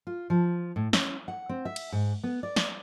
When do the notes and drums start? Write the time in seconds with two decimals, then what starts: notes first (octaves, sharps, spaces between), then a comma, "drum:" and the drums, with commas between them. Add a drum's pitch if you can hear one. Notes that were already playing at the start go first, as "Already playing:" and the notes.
0.07 F4
0.30 F3
0.76 A2
0.93 C#4, drum: snare
1.28 F#5
1.49 C4
1.65 E5
1.76 drum: cymbal
1.92 G#2
2.24 B3
2.43 D5
2.56 drum: snare